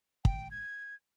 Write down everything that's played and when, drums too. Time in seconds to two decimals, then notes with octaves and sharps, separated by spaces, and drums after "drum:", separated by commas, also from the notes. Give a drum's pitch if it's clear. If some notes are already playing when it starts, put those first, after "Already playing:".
0.25 G5, drum: kick
0.51 G#6